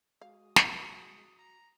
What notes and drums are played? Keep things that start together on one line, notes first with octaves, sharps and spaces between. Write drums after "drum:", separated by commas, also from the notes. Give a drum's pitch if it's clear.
G#3 F#4 F5 D#6
drum: snare
A#5